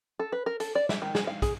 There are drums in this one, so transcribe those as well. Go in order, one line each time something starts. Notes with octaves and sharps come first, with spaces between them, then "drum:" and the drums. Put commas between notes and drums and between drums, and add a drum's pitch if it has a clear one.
A4
B4
A#4
A4, drum: hi-hat
D5
E5, drum: snare
D#3
G#4, drum: snare
F5
G#4, drum: kick, hi-hat